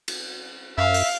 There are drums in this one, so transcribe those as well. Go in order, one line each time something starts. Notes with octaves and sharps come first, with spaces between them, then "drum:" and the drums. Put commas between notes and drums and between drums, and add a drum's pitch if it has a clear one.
drum: cymbal
F#2 E5 F5
drum: open hi-hat